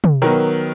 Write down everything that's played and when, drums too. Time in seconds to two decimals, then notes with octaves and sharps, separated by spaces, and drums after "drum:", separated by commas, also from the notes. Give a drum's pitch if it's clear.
0.04 drum: tom
0.22 D#3 F#3 B3 A#4